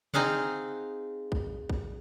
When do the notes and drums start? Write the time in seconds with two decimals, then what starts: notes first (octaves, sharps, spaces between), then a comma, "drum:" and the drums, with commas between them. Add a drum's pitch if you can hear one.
0.14 C4 D#4 G#4 F5 F#5, drum: tom C3
1.32 drum: kick
1.70 drum: kick